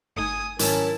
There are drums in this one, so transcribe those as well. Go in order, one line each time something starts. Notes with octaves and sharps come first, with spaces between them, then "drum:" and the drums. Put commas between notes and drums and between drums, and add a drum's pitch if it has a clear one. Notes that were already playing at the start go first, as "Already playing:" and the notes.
G1 A3 D#4 G#5 D#6
G#2 D#3 F#3 C#4 E4 A#4 A5, drum: hi-hat